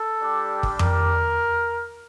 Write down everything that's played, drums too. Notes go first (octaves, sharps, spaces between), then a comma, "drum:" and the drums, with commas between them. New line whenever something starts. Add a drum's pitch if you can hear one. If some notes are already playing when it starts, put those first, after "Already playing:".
Already playing: A4
G3 D4 G4
drum: kick
A#4, drum: tom F2